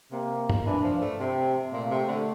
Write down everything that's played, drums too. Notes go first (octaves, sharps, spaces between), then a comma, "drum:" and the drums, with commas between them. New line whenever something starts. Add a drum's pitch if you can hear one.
C3 A#3
drum: tom G2
E3 D4
F3
A3
C3 C4
A#2 A3
C3
D3